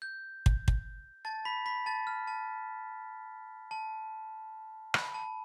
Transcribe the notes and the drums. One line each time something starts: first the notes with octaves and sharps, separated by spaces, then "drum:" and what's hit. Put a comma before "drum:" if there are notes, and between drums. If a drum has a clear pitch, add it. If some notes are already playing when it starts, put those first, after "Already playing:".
G6
drum: kick
drum: kick
A5 A6
B5 B6
B5 B6
A5 A6
F6
A5
A5
B5, drum: rim click
A5